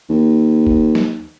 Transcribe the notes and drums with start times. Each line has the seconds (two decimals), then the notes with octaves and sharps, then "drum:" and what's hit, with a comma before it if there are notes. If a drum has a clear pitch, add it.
0.09 D#2
0.67 drum: kick F1
0.95 drum: snare